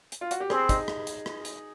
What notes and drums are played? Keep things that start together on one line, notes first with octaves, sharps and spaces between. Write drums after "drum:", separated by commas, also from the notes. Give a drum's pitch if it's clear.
drum: hi-hat
F4
F#4, drum: hi-hat
G4
C4 G#4, drum: rim click
D#4, drum: kick, hi-hat
drum: rim click
drum: hi-hat
drum: rim click
drum: hi-hat